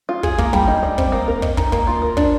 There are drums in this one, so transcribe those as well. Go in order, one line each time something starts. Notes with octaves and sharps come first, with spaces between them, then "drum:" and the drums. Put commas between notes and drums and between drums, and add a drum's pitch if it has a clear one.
F4
G#4, drum: kick
A#3, drum: kick
G3, drum: kick
D#4
G3
C4, drum: kick
A#3
A#4
D#5, drum: kick
D#4, drum: kick
A#3, drum: kick
F4
A#4
D4, drum: kick